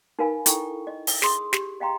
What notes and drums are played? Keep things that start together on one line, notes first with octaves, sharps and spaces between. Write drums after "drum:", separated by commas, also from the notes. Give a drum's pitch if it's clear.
D#4 A#4 B4 F5 G#5 B5
D#4 E4 A4 G5 C#6, drum: hi-hat
D#5
drum: open hi-hat
G#4 C6 D#6, drum: snare
G4, drum: snare
D#5 F5 G5 A#5 C6